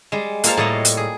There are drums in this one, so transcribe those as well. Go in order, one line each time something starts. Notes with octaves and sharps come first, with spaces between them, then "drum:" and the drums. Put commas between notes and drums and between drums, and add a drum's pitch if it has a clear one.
G3 G#3
A#3 F4 A4 A#4 C5 F5, drum: hi-hat
A2 G3 A#3 C#5 D#5
drum: hi-hat
G#4